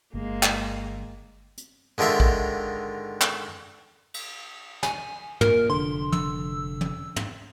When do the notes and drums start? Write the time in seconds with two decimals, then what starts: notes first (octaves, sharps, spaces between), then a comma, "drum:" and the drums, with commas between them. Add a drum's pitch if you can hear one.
0.13 G1 G#3 A#3
0.43 drum: clap
1.57 drum: hi-hat
1.98 G#2 D3 D#3 F4 E5 C6
2.20 drum: kick
3.21 drum: clap
4.14 drum: cymbal
4.83 G#5, drum: snare
5.41 A#2 A#4, drum: tom
5.70 F1 D3 C6
6.12 E6, drum: tom
6.81 drum: tom
7.16 drum: tom